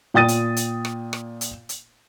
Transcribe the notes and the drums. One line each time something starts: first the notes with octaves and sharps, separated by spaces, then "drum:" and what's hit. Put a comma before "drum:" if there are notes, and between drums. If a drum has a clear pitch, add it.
A#2 G5 D#6 A6 D#7
drum: hi-hat
drum: hi-hat
drum: rim click
drum: rim click
drum: hi-hat
drum: hi-hat